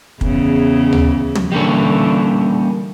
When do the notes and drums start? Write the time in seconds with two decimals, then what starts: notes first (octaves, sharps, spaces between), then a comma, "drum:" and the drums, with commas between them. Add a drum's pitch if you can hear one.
0.21 E2 C#3, drum: kick
0.92 drum: tom D2
1.35 drum: tom
1.52 D3 E3 G3 A#3 C#4